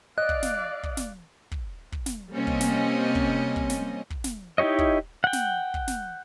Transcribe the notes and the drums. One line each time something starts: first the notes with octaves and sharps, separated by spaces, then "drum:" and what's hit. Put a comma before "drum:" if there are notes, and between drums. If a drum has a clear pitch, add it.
D5 D#5 F5 F#6
drum: kick
drum: snare
drum: kick
drum: snare
drum: kick
drum: kick
drum: snare
C3 G3 A#3 C4 C#4 D#5
drum: kick
drum: snare
drum: kick
drum: kick
drum: snare
drum: kick
drum: snare
D#4 E4 G4 C#5 D#5
drum: kick
F#5 G5
drum: snare
drum: kick
drum: snare